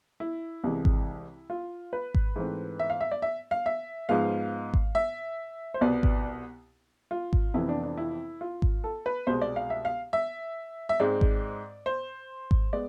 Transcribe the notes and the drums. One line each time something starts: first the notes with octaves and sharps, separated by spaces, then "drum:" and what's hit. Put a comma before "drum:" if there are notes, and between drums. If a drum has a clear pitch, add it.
E4
C2 C3 E3 G#3
drum: kick G#1
F4
B4
drum: kick G#1
G#2 E3 A3 C4
E5
F5
E5
D5
E5
F5
E5
G#2 F3 G#3 B3 F5
drum: kick G#1
E5
C5
C2 B2 B3 D5
drum: kick G#1
F4
drum: kick G#1
F2 C3 E3 B3 E4
D4
D4
E4
F4
drum: kick G#1
A4
B4
C2 B2 G#3 C5
D5
F5
E5
F5
E5
E5
G#2 G#3 C4 D5
drum: kick G#1
C5
drum: kick G#1
G#3 B3 D5